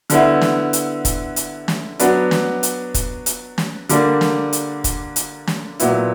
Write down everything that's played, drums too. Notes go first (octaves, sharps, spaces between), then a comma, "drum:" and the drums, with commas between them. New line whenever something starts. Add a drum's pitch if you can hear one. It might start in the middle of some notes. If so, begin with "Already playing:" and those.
D3 G3 B3 E4, drum: hi-hat
drum: snare
drum: hi-hat
drum: kick, hi-hat
drum: hi-hat
drum: snare
F#3 B3 D4, drum: hi-hat
drum: snare
drum: hi-hat
drum: kick, hi-hat
drum: hi-hat
drum: snare
D3 G3 A#3 D4, drum: hi-hat
drum: snare
drum: hi-hat
drum: kick, hi-hat
drum: hi-hat
drum: snare
A#2 F#3 B3 E4, drum: hi-hat